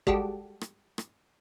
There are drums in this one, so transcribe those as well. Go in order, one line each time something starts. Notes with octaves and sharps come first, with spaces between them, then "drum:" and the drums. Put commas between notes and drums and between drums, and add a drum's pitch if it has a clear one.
G3 G#3 F#4 G4 A4, drum: kick
drum: rim click
drum: rim click